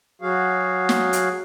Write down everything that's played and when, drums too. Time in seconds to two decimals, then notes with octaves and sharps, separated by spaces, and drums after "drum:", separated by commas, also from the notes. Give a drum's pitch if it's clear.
0.22 F#3 F#4 G#4 F5
0.89 drum: snare
1.13 drum: hi-hat